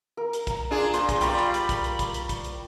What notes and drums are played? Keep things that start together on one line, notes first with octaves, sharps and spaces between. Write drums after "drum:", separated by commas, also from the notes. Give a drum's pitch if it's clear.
A#4
drum: hi-hat
A#5, drum: kick, hi-hat
D4 F4 G#4
A#2 C5, drum: hi-hat
drum: kick, hi-hat
G3 F4 G5 A#5 B5 C#6, drum: hi-hat
drum: clap
drum: hi-hat
drum: kick, hi-hat
drum: hi-hat
drum: kick, hi-hat
drum: hi-hat
drum: kick, hi-hat
drum: hi-hat